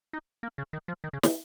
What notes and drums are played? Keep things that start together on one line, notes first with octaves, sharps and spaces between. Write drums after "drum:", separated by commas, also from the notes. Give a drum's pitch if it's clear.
D#4
A#3
C#3
D#3
F3
D#3
C#3
D#3, drum: snare